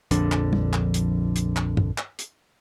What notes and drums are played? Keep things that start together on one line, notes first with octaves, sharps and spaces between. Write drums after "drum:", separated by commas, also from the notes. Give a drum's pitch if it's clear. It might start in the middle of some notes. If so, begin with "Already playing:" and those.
A#1 F2 D3 D4, drum: hi-hat
drum: clap
drum: tom
drum: clap
drum: hi-hat
drum: hi-hat
drum: clap
drum: tom
drum: clap
drum: hi-hat